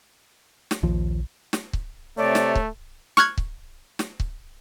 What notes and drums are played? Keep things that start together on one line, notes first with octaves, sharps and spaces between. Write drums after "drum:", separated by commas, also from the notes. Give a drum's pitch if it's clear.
drum: snare
A#1 D#2 F3
drum: snare
drum: kick C#1
C3 A3 C#5 D5
drum: snare
drum: kick C#1
C#6 F6 F#6 G#6, drum: snare
drum: kick C#1
drum: snare
drum: kick C#1